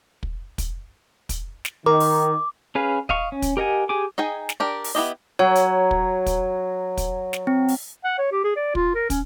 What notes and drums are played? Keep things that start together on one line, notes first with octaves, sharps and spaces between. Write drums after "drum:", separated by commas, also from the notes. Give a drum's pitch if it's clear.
drum: kick
drum: kick, hi-hat
drum: kick, hi-hat
drum: snare
D#3 A#4 D6
drum: open hi-hat
C#4 G#4 B4 F5
D#5 F5 C#6, drum: kick
C#4
drum: kick, hi-hat
G4 A#4 D#5 F#5 G#5
G4 G#4 G#5 D6
D#4 G#4 G5 G#5
drum: snare
D4 G4 A#4
drum: open hi-hat
B3 E4 G4 D#5
F#3 C#5
drum: hi-hat
drum: kick
drum: kick, hi-hat
drum: kick, hi-hat
drum: snare
C4
drum: open hi-hat
F#5
C#5
G4
G#4
D5
F4, drum: kick
A#4
C#4, drum: kick, hi-hat